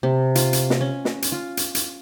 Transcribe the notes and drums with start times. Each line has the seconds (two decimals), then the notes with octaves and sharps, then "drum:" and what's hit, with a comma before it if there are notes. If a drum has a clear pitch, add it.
0.03 C3
0.35 F4, drum: hi-hat
0.53 drum: hi-hat
0.70 drum: snare
0.81 C#4
1.05 drum: snare
1.22 drum: hi-hat
1.32 F4
1.57 drum: hi-hat
1.75 drum: hi-hat